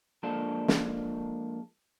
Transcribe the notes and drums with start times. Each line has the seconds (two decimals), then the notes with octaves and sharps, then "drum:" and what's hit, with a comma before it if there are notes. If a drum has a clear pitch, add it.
0.23 F3 G#3 A#3 D4 A4
0.68 drum: snare